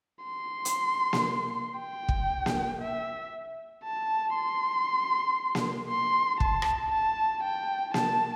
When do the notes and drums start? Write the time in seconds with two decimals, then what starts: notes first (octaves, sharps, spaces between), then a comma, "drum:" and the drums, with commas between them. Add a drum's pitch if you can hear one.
0.25 C6
0.65 drum: hi-hat
1.13 drum: snare A#3
1.79 G5
2.09 drum: kick
2.46 drum: snare A#3
2.81 E5
3.84 A5
4.35 C6
5.55 drum: snare A#3
5.89 C6
6.40 A5, drum: kick
6.62 drum: rim click
6.92 A5
7.43 G5
7.94 A5, drum: snare A#3